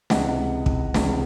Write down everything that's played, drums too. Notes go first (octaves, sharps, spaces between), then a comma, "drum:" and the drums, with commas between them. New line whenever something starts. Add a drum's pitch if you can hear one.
C#2 C3 E3 D#5 F#5, drum: snare
drum: kick
C#2 C3 E3, drum: snare